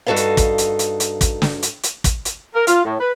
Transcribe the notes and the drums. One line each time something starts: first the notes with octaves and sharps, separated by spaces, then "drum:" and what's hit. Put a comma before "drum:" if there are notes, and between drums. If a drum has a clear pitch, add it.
G2 D#4 F#4 A4 B4 F5
drum: hi-hat
drum: kick, hi-hat
drum: hi-hat
drum: hi-hat
drum: hi-hat
drum: kick, hi-hat
drum: snare
drum: hi-hat
drum: hi-hat
drum: kick, hi-hat
drum: hi-hat
A#4
F4, drum: hi-hat
A2
B4